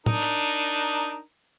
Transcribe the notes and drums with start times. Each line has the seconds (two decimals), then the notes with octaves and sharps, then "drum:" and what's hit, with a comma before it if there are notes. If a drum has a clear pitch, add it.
0.06 D4 D#4 A#4, drum: tom A2
0.22 drum: hi-hat